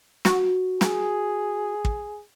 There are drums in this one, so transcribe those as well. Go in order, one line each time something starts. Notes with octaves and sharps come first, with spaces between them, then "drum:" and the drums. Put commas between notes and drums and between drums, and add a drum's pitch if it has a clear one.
F#4, drum: snare
G#4, drum: snare
drum: kick